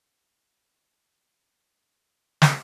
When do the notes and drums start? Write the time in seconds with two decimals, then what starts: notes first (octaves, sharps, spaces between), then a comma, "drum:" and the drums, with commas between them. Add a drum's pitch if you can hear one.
0.18 D4 D#4
0.97 B4 C5 F#5
1.71 C#3 F#3 D4 F5
2.42 drum: snare